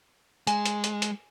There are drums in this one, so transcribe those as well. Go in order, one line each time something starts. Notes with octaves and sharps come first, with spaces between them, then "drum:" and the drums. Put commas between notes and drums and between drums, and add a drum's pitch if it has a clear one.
G#3 G#5, drum: hi-hat
drum: hi-hat
drum: hi-hat
drum: hi-hat